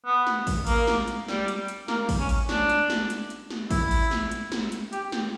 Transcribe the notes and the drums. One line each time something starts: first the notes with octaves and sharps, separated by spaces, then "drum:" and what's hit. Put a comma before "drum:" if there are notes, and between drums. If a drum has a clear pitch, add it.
B3
drum: snare
drum: kick A1, open hi-hat
A#3, drum: open hi-hat
drum: snare
drum: hi-hat
G3, drum: snare
drum: hi-hat
drum: hi-hat
A#3, drum: snare
drum: kick A1, open hi-hat
C#4
drum: open hi-hat
D4, drum: snare
drum: hi-hat
drum: snare
drum: hi-hat
drum: hi-hat
drum: snare
E4, drum: kick A1, open hi-hat
drum: open hi-hat
drum: snare
drum: hi-hat
drum: snare
drum: hi-hat
G4, drum: hi-hat
drum: snare